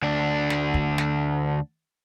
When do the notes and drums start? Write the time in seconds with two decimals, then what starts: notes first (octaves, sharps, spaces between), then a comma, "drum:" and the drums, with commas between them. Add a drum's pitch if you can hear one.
0.02 D2 D4
0.50 drum: snare
0.74 drum: kick
0.98 drum: snare